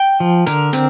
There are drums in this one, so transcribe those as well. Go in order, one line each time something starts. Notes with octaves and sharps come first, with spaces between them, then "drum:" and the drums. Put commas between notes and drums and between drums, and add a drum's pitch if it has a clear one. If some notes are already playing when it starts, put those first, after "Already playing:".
Already playing: G5
F3
D3 A#4, drum: hi-hat
C4, drum: hi-hat